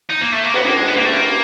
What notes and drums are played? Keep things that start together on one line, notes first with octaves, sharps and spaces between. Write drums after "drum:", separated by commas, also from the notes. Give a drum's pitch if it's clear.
D#4
A#3
A3
A#3
B3, drum: cymbal
A#3
G#3
B3
A#3
A3
A#3